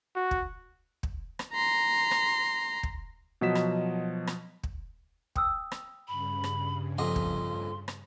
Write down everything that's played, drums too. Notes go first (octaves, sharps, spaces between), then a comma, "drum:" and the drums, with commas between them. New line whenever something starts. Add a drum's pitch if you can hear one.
F#4
drum: kick
drum: kick
drum: rim click
A#5 C6
drum: rim click
drum: kick
B2 F3 F#3 D#5 B6 E7
drum: rim click
drum: rim click
drum: kick
G5 D#6 E6, drum: kick
drum: rim click
G2 C#3 B5
drum: rim click
A#1 F2 D#5 F#5 C6 D6
drum: kick
drum: rim click